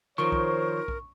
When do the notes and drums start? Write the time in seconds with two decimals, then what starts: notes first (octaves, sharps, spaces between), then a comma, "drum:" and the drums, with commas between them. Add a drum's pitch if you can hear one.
0.18 D#3 F3 A#4 C5 C#5 C#6
0.32 drum: kick B1
0.88 drum: kick B1